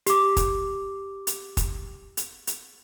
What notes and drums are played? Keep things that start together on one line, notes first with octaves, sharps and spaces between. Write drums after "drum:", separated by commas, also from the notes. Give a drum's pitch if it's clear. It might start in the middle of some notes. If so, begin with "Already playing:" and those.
G4 D6, drum: hi-hat
drum: kick, hi-hat
drum: hi-hat
drum: kick, hi-hat
drum: hi-hat
drum: hi-hat